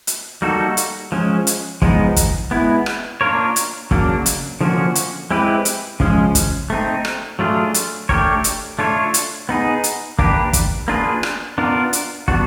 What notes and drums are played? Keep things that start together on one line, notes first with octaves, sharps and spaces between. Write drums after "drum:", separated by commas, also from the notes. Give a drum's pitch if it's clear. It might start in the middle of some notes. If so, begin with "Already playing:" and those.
drum: hi-hat
G3 A#3 D#4 F#4 A4
drum: hi-hat
F3 G#3 C#4
drum: hi-hat
F3 G#3 B3 D#4, drum: kick
drum: kick, hi-hat
G#3 B3 E4
drum: rim click
A#3 D4 F4 A#4 C#5
drum: hi-hat
C#3 F#3 A#3 D4, drum: kick
drum: hi-hat
D3 F3 A#3 C#4 F#4
drum: hi-hat
G#3 C4 E4 G4 B4
drum: hi-hat
C#3 F3 G#3 C#4, drum: kick
drum: kick, hi-hat
A3 C4 D#4
drum: rim click
F#3 A3 D4 F4 G#4
drum: hi-hat
A3 D4 G4 A#4 C#5, drum: kick
drum: hi-hat
A3 D4 F4 A4 C#5
drum: hi-hat
B3 D#4 G#4
drum: hi-hat
A#3 D4 G4 B4, drum: kick
drum: kick, hi-hat
A#3 D4 F4 G#4 B4
drum: rim click
B3 D4 F4 A#4
drum: hi-hat
G3 B3 D4 F#4, drum: kick